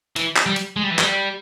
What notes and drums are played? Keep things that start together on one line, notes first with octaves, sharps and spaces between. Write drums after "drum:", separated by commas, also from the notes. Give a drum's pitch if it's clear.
E3, drum: hi-hat
drum: clap
G3
drum: hi-hat
G#3
G3
E3
G3, drum: clap